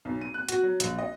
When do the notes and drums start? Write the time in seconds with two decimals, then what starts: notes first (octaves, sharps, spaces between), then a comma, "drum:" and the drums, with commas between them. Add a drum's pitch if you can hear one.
0.05 B1
0.21 D#7
0.34 F#6
0.49 F#4, drum: hi-hat
0.63 F#3
0.80 A#1, drum: hi-hat
0.98 D#5